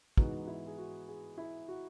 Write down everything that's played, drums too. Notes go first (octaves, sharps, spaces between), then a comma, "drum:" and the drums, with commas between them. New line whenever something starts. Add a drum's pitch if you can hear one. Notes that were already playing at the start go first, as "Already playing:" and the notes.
G#2 E3 G#3 B3 D#4 F#4, drum: kick
E4
G#4
F#4
G#4
E4
F#4